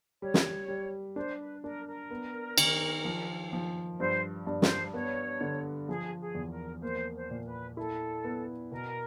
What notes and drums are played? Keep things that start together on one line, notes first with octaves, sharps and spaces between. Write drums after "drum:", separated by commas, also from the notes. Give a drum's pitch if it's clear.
G3 C#5
drum: snare
G3
D4 C5
B4
D4 A#4
A#4
B3
D#3, drum: cymbal
F3
F3
G2 C5
G2
C5, drum: snare
B3 C#5
D3
F3 G#4
G#4
E2
A#4
A#3 C5
C5
A#2
B4
E4 A4
B3
B2 A#4